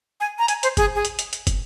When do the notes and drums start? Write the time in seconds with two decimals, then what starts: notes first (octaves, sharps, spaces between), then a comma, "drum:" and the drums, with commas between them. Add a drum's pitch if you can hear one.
0.20 G#5
0.39 A#5
0.48 G#5, drum: hi-hat
0.63 C5, drum: hi-hat
0.77 G#4, drum: kick, hi-hat
0.95 G#4
1.05 drum: hi-hat
1.19 drum: hi-hat
1.33 drum: hi-hat
1.47 drum: kick, hi-hat